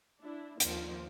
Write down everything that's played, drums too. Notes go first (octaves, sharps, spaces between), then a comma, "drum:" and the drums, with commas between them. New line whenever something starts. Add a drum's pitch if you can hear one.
D4 E4
D#2 F3 A#3, drum: hi-hat